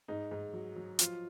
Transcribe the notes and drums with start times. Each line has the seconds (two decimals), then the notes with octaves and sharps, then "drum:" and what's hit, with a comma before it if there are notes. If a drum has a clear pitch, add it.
0.08 G#2 D#4
0.31 G#2
0.53 F#3
0.76 F#3
0.99 F3 F4, drum: hi-hat